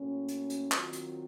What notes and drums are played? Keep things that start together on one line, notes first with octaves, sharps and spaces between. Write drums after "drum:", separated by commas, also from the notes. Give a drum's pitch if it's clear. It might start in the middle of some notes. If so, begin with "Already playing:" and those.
Already playing: A2 F#3 A#3 C#4
drum: hi-hat
drum: hi-hat
D#3 F#3 C4 F4, drum: clap
drum: hi-hat